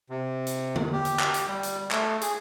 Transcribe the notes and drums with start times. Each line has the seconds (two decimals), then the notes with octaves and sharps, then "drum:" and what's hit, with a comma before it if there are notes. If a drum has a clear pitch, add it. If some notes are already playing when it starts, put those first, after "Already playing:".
0.10 C3
0.47 drum: hi-hat
0.76 drum: tom D3
0.93 G4
1.05 drum: hi-hat
1.19 drum: clap
1.34 drum: hi-hat
1.48 G3
1.63 drum: hi-hat
1.91 A3, drum: clap
2.21 G#4, drum: hi-hat